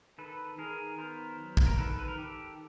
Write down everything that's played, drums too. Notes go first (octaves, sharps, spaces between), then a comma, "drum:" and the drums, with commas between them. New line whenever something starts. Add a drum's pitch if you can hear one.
D#3 A4 B4
D#3 G#4 A#4
B3 A#4 C5
F#3
drum: kick
A#4
D#3 A4 B4
B4
A#4
D#3 G4 A4